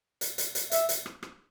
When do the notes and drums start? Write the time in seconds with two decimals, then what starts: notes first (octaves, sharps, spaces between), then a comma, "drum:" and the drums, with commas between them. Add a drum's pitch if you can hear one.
0.21 drum: hi-hat
0.38 drum: hi-hat
0.55 drum: hi-hat
0.71 E5, drum: hi-hat
0.89 drum: hi-hat
1.06 drum: rim click
1.23 drum: rim click